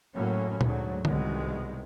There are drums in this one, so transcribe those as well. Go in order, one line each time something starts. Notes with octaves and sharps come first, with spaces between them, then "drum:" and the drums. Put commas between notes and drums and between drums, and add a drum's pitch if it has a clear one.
F#2 A2 F#3 A#3 C#4
D2 G#2 F#3, drum: tom A#2
C2 B2 D#3 G#3, drum: tom D3